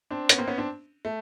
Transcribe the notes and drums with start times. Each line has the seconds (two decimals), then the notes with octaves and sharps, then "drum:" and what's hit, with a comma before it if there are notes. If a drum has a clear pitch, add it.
0.11 C4 D4
0.29 B3 C#4, drum: hi-hat
0.38 A#3 C4
0.47 B3 C#4
0.58 C4 D4
1.05 A3